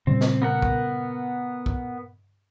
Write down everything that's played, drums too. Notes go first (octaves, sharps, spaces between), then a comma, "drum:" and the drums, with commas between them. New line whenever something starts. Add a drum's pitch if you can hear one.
A#2 C#3 G3 C4
drum: snare
B3 A#4 F#5
drum: kick
drum: kick